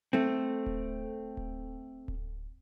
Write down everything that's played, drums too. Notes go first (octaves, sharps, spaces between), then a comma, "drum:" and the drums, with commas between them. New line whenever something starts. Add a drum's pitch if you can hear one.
A3 C4
drum: kick D1
drum: kick D1
drum: kick D1